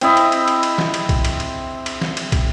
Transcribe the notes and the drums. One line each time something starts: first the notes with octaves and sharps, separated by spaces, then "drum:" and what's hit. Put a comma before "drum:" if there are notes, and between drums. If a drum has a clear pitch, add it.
C4 E4 D#5, drum: cymbal
drum: cymbal
drum: cymbal
drum: cymbal
drum: cymbal
drum: snare
drum: cymbal
drum: kick, cymbal
drum: cymbal
drum: cymbal
drum: cymbal
drum: snare
drum: cymbal
drum: kick, cymbal